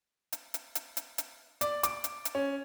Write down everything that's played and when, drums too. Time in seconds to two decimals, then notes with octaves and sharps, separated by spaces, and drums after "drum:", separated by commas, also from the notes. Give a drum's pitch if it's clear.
0.32 drum: hi-hat
0.54 drum: hi-hat
0.75 drum: hi-hat
0.97 drum: hi-hat
1.18 drum: hi-hat
1.61 D5, drum: hi-hat
1.83 D6, drum: hi-hat
2.04 drum: hi-hat
2.25 drum: hi-hat
2.35 C#4